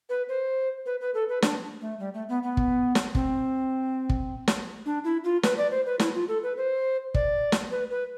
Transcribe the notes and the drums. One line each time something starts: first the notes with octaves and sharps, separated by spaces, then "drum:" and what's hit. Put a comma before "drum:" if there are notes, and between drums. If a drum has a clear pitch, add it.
B4
C5
B4
B4
A4
B4
D4, drum: snare
A3
G3
A3
B3
B3
drum: kick
drum: snare
C4, drum: kick
drum: kick
drum: snare
D4
E4
F4
B4, drum: snare
D5
C5
B4
E4, drum: snare
F4
A4
B4
C5
D5, drum: kick
drum: snare
B4
B4